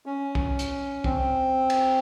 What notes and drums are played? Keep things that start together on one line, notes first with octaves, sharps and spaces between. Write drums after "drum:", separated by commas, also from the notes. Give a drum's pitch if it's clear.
C#4
drum: kick
drum: hi-hat
C4, drum: kick
drum: cymbal